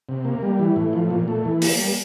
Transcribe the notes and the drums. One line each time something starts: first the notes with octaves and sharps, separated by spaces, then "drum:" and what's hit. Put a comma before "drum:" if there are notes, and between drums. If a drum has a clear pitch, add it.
C3
A#3
G3
E3
A2
F3
A#2
A3
E3
A#3, drum: open hi-hat
G3